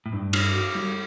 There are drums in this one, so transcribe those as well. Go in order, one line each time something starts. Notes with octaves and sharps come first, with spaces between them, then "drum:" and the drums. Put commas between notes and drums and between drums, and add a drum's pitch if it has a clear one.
A2
G2 D4
D4, drum: cymbal
F#4
G3